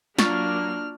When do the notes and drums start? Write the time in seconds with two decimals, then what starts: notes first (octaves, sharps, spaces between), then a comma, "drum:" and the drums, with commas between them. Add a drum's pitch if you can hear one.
0.19 F#3 A#3 D4 F4 C#6 F6 A6, drum: snare